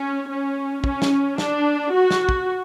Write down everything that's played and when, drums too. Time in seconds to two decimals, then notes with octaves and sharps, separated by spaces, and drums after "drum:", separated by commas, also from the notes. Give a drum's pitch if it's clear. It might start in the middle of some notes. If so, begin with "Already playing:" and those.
Already playing: C#4
0.29 C#4
0.84 C#4, drum: kick
1.02 drum: snare
1.38 D4, drum: snare
1.92 F#4
2.11 drum: snare
2.29 drum: kick